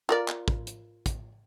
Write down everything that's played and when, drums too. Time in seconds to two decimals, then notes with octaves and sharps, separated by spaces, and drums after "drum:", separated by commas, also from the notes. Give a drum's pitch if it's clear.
0.09 F4 A#4 D5
0.28 drum: clap
0.48 drum: kick
0.67 drum: hi-hat
1.06 drum: kick, hi-hat